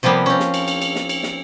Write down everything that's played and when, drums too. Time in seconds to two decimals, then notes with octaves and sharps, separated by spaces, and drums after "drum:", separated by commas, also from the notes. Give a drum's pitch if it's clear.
0.03 C3 F3 G3 A#3 B3
0.26 C4 C#4
0.40 drum: snare
0.54 drum: cymbal
0.68 drum: cymbal
0.82 drum: cymbal
0.95 drum: snare
1.09 drum: cymbal
1.23 drum: snare